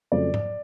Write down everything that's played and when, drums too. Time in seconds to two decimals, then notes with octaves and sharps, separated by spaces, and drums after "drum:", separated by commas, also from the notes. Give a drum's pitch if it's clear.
0.12 F2 C#3 F#3 A3 D5
0.34 drum: tom G#2